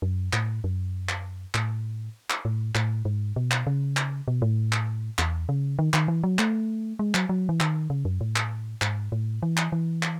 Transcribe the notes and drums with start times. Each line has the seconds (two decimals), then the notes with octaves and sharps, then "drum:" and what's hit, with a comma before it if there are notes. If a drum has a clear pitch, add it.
0.02 F#2
0.33 A2, drum: clap
0.64 F#2
1.09 drum: clap
1.54 A2, drum: clap
2.30 drum: clap
2.45 A2
2.75 A2, drum: clap
3.05 G#2
3.36 B2
3.51 drum: clap
3.67 C#3
3.97 drum: clap
4.28 B2
4.42 A2
4.72 drum: clap
5.19 E2, drum: clap
5.49 C#3
5.79 D#3
5.94 D#3, drum: clap
6.08 E3
6.24 F#3
6.39 A3, drum: clap
6.99 G#3
7.14 F#3, drum: clap
7.29 F#3
7.49 E3
7.60 D#3, drum: clap
7.90 C#3
8.05 F#2
8.21 A2
8.36 drum: clap
8.82 G#2, drum: clap
9.12 A2
9.43 E3
9.57 drum: clap
9.72 E3
10.03 drum: clap